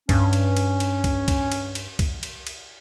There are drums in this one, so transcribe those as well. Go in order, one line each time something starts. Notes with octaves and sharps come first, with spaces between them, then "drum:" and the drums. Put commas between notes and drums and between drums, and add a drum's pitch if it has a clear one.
G2 C#4, drum: kick C2, cymbal
drum: cymbal
drum: cymbal
drum: cymbal
drum: kick C2, cymbal
drum: kick C2, cymbal
drum: cymbal
drum: cymbal
drum: kick C2, cymbal
drum: cymbal
drum: cymbal